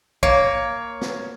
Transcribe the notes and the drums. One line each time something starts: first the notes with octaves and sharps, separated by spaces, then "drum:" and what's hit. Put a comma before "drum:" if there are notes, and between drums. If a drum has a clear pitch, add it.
A#3 C#5, drum: kick B1
drum: snare